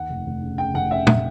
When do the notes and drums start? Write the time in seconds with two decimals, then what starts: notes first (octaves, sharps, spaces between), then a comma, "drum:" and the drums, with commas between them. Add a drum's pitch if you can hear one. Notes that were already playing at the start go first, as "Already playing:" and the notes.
Already playing: D#2 F#5
0.09 F1
0.26 F1
0.42 C#3
0.58 C#3 G5
0.74 F1 F#5
0.90 C#3 E5
1.07 C#3 E5, drum: tom